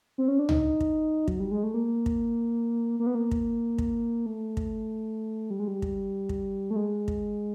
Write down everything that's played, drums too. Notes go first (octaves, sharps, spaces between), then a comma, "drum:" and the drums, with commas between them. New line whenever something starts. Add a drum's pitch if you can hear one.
C4
C#4
D4
D#4, drum: tom C#2
drum: kick
F#3, drum: kick
G3
G#3
A3
A#3
drum: kick
A#3
B3
A#3
drum: kick
drum: kick
A3
drum: kick
G3
G#3
G3
drum: kick
drum: kick
A3
G#3
drum: kick